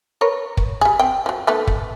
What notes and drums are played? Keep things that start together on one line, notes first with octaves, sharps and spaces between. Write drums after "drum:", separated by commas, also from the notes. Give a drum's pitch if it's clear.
A#4 B4 C#5
drum: kick
G3 G#4
C4 G5
F3 F#3
D#3 A3 B3
A3, drum: kick